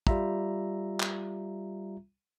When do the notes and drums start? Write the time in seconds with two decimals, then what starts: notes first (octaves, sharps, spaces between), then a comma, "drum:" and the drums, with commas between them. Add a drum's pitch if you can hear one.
0.07 G3 F4 E5 A#5, drum: kick
1.00 drum: clap